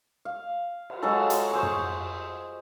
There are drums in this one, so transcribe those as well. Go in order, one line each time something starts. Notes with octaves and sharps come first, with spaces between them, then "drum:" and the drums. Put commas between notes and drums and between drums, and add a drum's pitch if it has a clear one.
F5
drum: cymbal
F#3 G#3 F4 A4
drum: hi-hat
G#4 C5 C#6
drum: tom